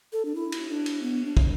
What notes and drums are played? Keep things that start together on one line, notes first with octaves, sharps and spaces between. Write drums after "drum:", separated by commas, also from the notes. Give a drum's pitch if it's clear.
A4
D4
E4
drum: cymbal
D4
drum: cymbal
B3
D4
drum: kick